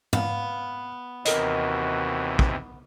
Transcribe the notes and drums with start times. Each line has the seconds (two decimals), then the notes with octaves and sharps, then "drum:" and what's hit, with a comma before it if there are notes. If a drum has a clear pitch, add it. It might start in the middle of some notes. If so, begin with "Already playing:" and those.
0.13 B3 F5, drum: tom G#2
1.25 D#2 C3 E3 F#4 A#4 D#5, drum: hi-hat
2.39 drum: kick